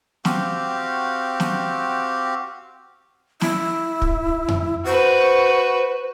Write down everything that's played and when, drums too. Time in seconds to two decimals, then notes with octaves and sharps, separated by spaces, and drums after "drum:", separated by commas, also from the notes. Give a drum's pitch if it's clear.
0.25 C4 F#4 G4 F5, drum: snare
1.40 drum: snare
3.41 E4, drum: snare
4.02 drum: kick
4.48 drum: tom F2
4.85 F#4 B4 C5